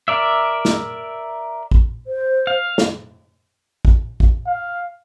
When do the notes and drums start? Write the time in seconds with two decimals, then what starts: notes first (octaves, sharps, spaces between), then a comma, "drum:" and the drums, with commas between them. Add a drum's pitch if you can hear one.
0.08 A#4 D5 E5
0.65 drum: snare
1.71 drum: kick
2.07 C5
2.47 F5
2.78 drum: snare
3.85 drum: kick
4.20 drum: kick
4.47 F5